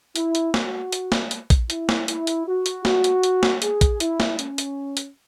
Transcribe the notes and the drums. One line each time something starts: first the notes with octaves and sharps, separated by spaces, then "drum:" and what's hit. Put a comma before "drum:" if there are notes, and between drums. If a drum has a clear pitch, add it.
E4, drum: hi-hat
drum: hi-hat
F#4, drum: snare
drum: hi-hat
drum: snare
drum: hi-hat
drum: kick A#1, hi-hat
E4, drum: hi-hat
drum: snare
E4, drum: hi-hat
drum: hi-hat
F#4
drum: hi-hat
F#4, drum: snare
drum: hi-hat
drum: hi-hat
drum: snare
G#4, drum: hi-hat
drum: kick A#1, hi-hat
E4, drum: hi-hat
drum: snare
C#4, drum: hi-hat
drum: hi-hat
drum: hi-hat